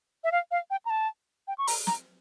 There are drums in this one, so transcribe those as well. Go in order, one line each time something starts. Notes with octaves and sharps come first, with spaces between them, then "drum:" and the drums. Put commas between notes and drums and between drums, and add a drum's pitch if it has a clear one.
E5
F5
F5
G5
A#5
A5
G5
C#6
A#5, drum: open hi-hat
A#5, drum: snare